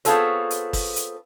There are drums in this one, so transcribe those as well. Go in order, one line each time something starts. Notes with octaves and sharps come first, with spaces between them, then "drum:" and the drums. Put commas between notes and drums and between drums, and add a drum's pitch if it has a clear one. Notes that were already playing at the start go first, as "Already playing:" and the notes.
B3 C4 F4 G#4 A4 C#5, drum: hi-hat
drum: hi-hat
drum: kick, open hi-hat
drum: hi-hat